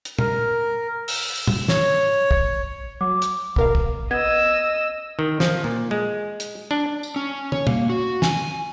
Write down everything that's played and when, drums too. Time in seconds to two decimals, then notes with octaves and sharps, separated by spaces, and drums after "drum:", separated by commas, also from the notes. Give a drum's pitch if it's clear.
0.05 drum: hi-hat
0.19 A#4, drum: tom
1.08 E6, drum: open hi-hat
1.47 drum: tom
1.68 C#5, drum: snare
2.31 drum: kick
3.01 F#3 D6
3.22 drum: hi-hat
3.56 B2 A#4 F5, drum: kick
3.75 drum: kick
4.11 B3 D#5 E6 G#6
5.19 D#3
5.40 F3, drum: snare
5.64 A#2
5.91 G#3
6.40 drum: hi-hat
6.71 D4
7.03 drum: tambourine
7.16 C#4
7.52 C#5, drum: tom
7.67 A#3, drum: tom
7.89 F#4
8.22 G#5, drum: snare